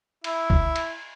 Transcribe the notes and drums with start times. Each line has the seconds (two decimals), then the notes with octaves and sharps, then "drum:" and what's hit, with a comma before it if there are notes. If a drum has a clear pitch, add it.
0.24 E4, drum: cymbal
0.50 drum: kick
0.76 drum: cymbal